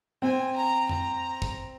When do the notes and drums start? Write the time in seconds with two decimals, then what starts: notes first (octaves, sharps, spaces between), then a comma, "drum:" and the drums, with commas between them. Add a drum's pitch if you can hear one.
0.22 C4 G#5
0.56 A#5
0.89 A#5, drum: tom F2
1.42 drum: kick